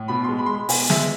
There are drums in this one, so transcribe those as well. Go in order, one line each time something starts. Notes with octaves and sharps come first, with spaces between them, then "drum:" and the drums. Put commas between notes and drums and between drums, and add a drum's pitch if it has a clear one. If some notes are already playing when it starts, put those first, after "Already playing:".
Already playing: A2
B2 B5
G#3 C6
B5
C6
G#3
B5
B2 G#5, drum: open hi-hat
G#3 E5, drum: snare